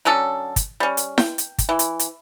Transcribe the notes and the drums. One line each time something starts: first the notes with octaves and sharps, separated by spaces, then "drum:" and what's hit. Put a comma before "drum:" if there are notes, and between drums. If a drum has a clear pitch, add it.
D3 F#3 C#4 A4
drum: kick, hi-hat
G3 C#4
drum: hi-hat
G5, drum: snare E4
drum: hi-hat
drum: kick, hi-hat
E3
drum: hi-hat
drum: hi-hat